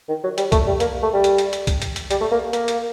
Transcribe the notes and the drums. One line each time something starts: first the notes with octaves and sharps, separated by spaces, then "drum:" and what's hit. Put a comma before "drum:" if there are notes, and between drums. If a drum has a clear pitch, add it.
D#3
F#3
G3, drum: hi-hat
A3, drum: kick C2, hi-hat
G3
A#3, drum: hi-hat
A3
G3
drum: hi-hat
drum: hi-hat
drum: hi-hat
drum: kick C2, hi-hat
drum: hi-hat
drum: hi-hat
G3, drum: hi-hat
A3
A#3
A#3, drum: hi-hat
drum: hi-hat